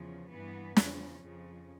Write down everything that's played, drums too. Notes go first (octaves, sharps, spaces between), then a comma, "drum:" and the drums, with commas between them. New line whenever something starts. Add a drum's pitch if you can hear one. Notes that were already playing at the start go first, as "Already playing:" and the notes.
Already playing: E2 C#3 F3
G2 E3 B3
E2 C#3 F3, drum: snare
F2 C#3 F3